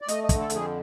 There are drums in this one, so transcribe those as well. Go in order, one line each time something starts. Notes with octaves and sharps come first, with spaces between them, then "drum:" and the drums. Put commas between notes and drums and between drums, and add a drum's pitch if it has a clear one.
D5
A3 D#5, drum: hi-hat
D#5
D3, drum: kick, hi-hat
A4
F2, drum: hi-hat
G#4